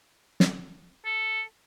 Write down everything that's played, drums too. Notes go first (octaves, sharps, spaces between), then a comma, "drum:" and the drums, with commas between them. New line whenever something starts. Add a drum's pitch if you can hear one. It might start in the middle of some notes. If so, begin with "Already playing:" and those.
drum: snare
A4